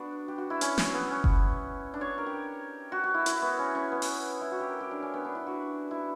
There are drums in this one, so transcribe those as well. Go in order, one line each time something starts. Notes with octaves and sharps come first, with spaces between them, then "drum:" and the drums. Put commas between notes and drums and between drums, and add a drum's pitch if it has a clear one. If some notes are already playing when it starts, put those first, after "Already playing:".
Already playing: B3 D4 F#4
G4
F#4
E4
C#4, drum: hi-hat
C#4, drum: snare
B3
C#4
drum: kick F#1
D4
C#5
A#4
G4
F#4
F#4
E4
E4, drum: hi-hat
B3
C#4
C#4
B3
drum: open hi-hat
E4
F#4
G4
A#4
G4
D4
C#4
B3
D4
E4
F#4
E4